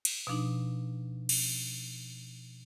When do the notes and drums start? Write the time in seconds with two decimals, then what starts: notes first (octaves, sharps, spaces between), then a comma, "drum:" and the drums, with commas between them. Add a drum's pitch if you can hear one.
0.05 drum: cymbal
0.27 B2 F3 D4 D#4
1.29 drum: cymbal